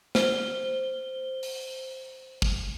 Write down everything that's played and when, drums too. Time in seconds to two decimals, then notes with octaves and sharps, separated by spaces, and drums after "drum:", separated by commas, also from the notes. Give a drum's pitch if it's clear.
0.15 C5 G7, drum: snare
1.43 drum: open hi-hat
2.42 drum: kick